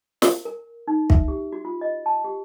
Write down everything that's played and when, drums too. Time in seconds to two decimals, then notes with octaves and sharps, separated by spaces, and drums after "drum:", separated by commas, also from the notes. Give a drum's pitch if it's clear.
0.22 A#4, drum: snare
0.45 A#4
0.87 D#4
1.10 E5, drum: kick
1.28 G4
1.52 F#4
1.65 F4
1.81 D#5
2.06 A5
2.24 G4